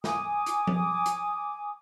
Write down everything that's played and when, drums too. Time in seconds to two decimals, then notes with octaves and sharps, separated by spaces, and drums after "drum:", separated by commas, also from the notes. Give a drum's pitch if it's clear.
0.04 G#5 D6 D#6, drum: snare
0.46 drum: hi-hat
0.67 drum: tom F3
1.06 drum: hi-hat